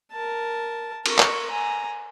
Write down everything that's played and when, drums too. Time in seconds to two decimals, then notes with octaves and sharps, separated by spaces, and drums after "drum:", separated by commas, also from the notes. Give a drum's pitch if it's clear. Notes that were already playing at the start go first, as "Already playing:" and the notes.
0.12 A#4 A5
1.06 A#4 C#6, drum: cymbal
1.19 drum: clap
1.51 G#5 A#5